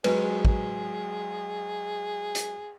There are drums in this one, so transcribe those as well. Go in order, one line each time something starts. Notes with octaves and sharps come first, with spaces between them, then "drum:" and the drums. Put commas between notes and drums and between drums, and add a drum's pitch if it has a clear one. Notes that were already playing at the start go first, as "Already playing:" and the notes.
F#3 G#3 G#4 B4, drum: cymbal
drum: kick
drum: hi-hat